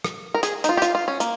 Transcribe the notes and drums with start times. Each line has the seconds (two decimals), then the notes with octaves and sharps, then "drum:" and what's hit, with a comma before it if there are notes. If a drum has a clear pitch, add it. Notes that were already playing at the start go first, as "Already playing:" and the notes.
0.04 drum: rim click
0.34 A#4
0.43 G#4, drum: hi-hat
0.64 D#4, drum: hi-hat
0.69 F4
0.77 G4
0.82 F4, drum: hi-hat
0.95 F4
1.08 C#4
1.20 A#3, drum: hi-hat